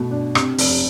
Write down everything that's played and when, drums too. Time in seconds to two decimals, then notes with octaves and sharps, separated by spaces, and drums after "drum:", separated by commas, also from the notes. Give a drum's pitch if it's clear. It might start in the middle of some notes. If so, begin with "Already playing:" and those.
Already playing: B2 A3
0.11 D4
0.35 C3, drum: rim click
0.58 F1, drum: open hi-hat